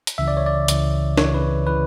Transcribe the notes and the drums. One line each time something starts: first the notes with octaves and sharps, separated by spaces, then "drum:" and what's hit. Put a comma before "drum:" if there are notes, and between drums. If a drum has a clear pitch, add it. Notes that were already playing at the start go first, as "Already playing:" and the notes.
drum: hi-hat
C#2 C#3 E3 E5
D5
C#5
D5
C#2 C#3 E3, drum: hi-hat
C#2 C#3 E3 C#5, drum: snare
B4
C#3 E3 B4